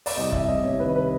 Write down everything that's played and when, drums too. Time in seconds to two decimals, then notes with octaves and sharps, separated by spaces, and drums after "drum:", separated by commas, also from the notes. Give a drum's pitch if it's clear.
0.06 D5, drum: open hi-hat
0.16 C2 D#5
0.32 C2 E5, drum: kick
0.48 C2 D#5
0.64 C3 C#5
0.79 D#3 B4
0.96 B4